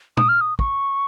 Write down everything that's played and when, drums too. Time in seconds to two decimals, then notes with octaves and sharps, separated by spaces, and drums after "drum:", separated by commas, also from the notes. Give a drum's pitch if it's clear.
0.17 D#6, drum: tom
0.29 F6
0.41 D#6
0.59 C#6, drum: kick